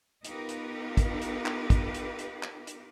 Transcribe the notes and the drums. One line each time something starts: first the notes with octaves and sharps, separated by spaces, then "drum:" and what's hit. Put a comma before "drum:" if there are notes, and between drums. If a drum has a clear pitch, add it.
B3 D#4 F4 G4 A#4 B4, drum: hi-hat
drum: hi-hat
drum: kick, hi-hat
drum: hi-hat
drum: clap
drum: kick, hi-hat
drum: hi-hat
drum: hi-hat
drum: clap
drum: hi-hat